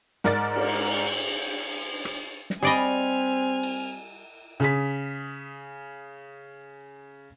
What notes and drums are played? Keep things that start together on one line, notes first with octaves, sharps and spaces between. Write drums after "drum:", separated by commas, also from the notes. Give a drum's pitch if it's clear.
G#2 A#4 D5 A6, drum: snare
drum: cymbal
drum: rim click
drum: snare
G3 C4 G#4 D5 D#5 G#5 F6
drum: cymbal
C#3 G#4 B6